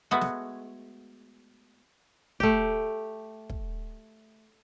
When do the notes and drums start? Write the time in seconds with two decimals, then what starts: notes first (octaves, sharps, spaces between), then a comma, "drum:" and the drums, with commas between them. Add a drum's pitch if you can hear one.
0.11 G#3 A3 B3 F#4
0.21 drum: snare
2.40 A3 G4, drum: kick
3.49 drum: kick